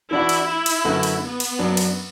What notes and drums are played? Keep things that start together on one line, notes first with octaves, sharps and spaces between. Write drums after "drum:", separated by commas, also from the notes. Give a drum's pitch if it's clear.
E3 D4 E4 F#4
drum: cymbal
E4
drum: cymbal
F#2 D3 A3 F#4 B4
drum: cymbal
B3
drum: cymbal
F#2 F#3 D4
drum: cymbal